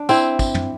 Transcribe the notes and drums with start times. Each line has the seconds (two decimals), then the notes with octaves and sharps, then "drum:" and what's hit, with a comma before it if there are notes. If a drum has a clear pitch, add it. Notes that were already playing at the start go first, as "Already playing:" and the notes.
Already playing: D4
0.09 C4 E4, drum: tambourine
0.39 drum: kick, tambourine
0.54 drum: tom